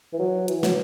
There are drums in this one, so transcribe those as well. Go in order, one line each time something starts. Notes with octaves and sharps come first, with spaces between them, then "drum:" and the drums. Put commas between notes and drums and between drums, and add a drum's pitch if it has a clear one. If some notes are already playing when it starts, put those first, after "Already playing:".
E3
F#3
E3, drum: hi-hat
F#3, drum: snare